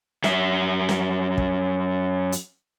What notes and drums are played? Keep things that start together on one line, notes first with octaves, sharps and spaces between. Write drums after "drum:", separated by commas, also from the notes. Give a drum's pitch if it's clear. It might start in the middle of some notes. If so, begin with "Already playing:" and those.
F#2 E5, drum: snare
drum: snare
drum: kick
drum: hi-hat